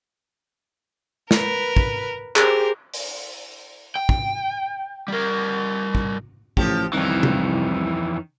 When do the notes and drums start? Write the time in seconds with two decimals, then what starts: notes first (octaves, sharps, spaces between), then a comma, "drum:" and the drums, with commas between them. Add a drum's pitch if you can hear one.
1.31 A#4 B4, drum: snare
1.77 drum: kick
2.36 G4 G#4 A#4 C5, drum: clap
2.94 drum: open hi-hat
3.96 G5
4.09 drum: kick
5.08 G3 A#4
5.95 drum: kick
6.57 A1 A2 F3 G4, drum: kick
6.93 C2 F2 D#3 E3 C#4
7.23 drum: tom C3